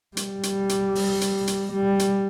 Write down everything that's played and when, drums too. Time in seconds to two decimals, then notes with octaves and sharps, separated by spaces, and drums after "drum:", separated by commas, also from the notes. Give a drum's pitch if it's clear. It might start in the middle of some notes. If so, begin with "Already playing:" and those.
0.17 G3, drum: hi-hat
0.43 drum: hi-hat
0.69 drum: hi-hat
0.95 drum: open hi-hat
1.21 drum: hi-hat
1.47 drum: hi-hat
1.73 G3
1.99 drum: hi-hat